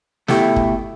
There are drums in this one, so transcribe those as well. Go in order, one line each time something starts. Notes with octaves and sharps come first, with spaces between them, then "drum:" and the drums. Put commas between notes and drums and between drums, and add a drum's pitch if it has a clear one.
B2 A3 E4 G4, drum: snare
drum: kick